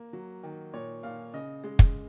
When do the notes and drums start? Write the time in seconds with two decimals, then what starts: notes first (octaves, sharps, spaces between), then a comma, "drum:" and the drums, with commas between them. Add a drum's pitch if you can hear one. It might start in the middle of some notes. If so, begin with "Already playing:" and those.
Already playing: A#3
0.13 F#3
0.43 D#3
0.73 A#2 C#5
1.03 A#2 F5
1.33 C#3 D#5
1.64 G#3
1.79 drum: kick